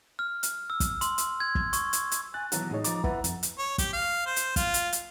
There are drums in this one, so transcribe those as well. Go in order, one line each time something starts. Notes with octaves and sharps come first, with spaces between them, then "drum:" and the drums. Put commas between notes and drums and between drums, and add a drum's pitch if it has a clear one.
F6
drum: hi-hat
E6
drum: kick, hi-hat
C6, drum: hi-hat
drum: hi-hat
G#6
drum: kick
C#6, drum: hi-hat
drum: hi-hat
drum: hi-hat
G#5 F#6 A6
B2 E3 F#3 A#5, drum: hi-hat
A2 G#3 D#4 C#5
F3 A#5 D6 A6, drum: hi-hat
E4 B4 E5 F#5, drum: kick
F2, drum: hi-hat
drum: hi-hat
C#5
G4, drum: kick, hi-hat
F5
C5
drum: hi-hat
F4, drum: kick, hi-hat
drum: hi-hat
drum: hi-hat